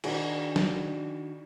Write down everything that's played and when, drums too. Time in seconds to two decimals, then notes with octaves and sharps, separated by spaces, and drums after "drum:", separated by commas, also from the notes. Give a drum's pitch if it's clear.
0.04 D#3 D4 F#4 G#4, drum: cymbal
0.56 drum: snare